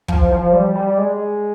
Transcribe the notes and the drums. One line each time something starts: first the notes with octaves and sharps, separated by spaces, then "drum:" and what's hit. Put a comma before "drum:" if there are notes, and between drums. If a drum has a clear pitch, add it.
F3, drum: kick
F3
G3
G3
G#3